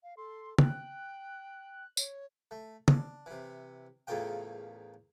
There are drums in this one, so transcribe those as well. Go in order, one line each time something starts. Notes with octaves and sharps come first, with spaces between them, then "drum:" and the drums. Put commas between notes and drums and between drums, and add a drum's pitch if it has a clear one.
F5
A4 C6
G5 F#6, drum: tom C#3
C#5, drum: tambourine
A3
D4, drum: tom C#3
C3 E3
E2 A2 C#3 A#3 F4 G5